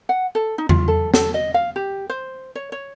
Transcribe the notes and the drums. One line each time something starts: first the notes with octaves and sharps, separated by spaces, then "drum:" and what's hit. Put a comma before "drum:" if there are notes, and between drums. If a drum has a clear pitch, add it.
F#5
A4
D#4
F4, drum: tom E2
A4
A4, drum: snare
D#5
F5
G4
C5
C#5
C#5